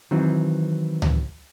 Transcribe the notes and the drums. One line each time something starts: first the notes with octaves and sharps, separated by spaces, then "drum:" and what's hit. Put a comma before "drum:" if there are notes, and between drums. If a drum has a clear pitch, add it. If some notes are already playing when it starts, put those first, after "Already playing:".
D#3 E3 F#3 C4
drum: tom C#2